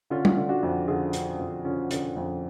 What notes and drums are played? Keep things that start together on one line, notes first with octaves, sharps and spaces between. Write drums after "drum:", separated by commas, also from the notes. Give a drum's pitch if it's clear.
D3 C#4 F4
drum: tom
D3
D4 F#4
F2
D3 F4 G#4
D3, drum: hi-hat
F2
D3 C#4 F4
D3, drum: hi-hat
F2